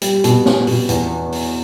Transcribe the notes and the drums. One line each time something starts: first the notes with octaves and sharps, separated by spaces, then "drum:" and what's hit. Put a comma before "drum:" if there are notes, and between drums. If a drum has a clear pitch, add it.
G3, drum: hi-hat
B2, drum: hi-hat
C#4, drum: snare
B2, drum: open hi-hat
E2, drum: hi-hat
drum: open hi-hat